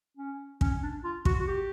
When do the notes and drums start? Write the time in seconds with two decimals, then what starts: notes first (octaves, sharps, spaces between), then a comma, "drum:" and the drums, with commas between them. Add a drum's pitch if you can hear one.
0.17 C#4
0.61 C#4, drum: kick
0.82 D4
1.04 F4
1.25 F#4, drum: kick
1.40 F#4
1.47 G4